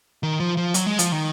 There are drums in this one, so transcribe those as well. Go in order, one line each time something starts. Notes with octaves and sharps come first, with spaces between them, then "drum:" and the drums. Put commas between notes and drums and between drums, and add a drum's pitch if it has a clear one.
D#3
F3
F3
F#3, drum: hi-hat
G#3
F3, drum: hi-hat
D#3